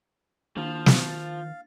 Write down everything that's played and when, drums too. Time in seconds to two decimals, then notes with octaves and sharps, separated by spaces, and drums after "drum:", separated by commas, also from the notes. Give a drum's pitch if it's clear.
0.57 D#3 F3 A#3 D4 E4 F5
0.86 drum: snare
1.08 A6